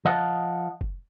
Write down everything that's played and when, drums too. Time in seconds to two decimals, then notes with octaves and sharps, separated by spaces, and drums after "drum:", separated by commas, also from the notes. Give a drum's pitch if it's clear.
0.05 F3 D#5 F5 F#5 A5
0.81 drum: kick